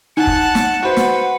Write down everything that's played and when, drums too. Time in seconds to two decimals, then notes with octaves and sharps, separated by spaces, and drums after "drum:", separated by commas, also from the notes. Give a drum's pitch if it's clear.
0.17 D#4 F#5 A5 F#6
0.27 drum: kick
0.55 drum: snare
0.83 F#4 B4 C5
0.97 drum: snare